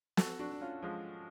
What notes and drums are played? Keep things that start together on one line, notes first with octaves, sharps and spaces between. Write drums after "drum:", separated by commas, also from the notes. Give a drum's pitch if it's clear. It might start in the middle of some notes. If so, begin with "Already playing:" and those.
F#4 A4, drum: snare
D4 F#4
D4
C#4 F4
F3 G#3